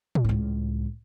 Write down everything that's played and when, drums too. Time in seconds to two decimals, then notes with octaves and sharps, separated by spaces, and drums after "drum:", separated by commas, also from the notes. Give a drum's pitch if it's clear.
0.15 drum: tom
0.24 C#2 A2